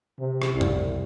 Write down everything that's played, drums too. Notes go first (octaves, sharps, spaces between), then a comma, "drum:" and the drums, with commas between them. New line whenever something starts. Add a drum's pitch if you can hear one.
C3
drum: rim click
C2
drum: tom F2